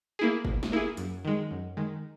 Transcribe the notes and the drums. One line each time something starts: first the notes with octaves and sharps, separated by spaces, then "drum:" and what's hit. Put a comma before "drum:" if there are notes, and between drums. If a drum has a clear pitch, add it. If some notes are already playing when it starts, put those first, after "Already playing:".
A#3 E4 G#4
B2, drum: kick
drum: snare
A#3 E4 G#4
F#2, drum: hi-hat
D#3 G#3
F#2
D#3 G#3